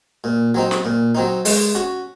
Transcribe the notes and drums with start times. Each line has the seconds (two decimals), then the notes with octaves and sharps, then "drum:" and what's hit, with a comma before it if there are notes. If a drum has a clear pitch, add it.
0.24 A#2
0.55 F#3 C4 D#4
0.71 drum: snare
0.85 A#2
1.15 F#3 C4 D#4
1.45 G#3, drum: open hi-hat
1.75 C#4 F#4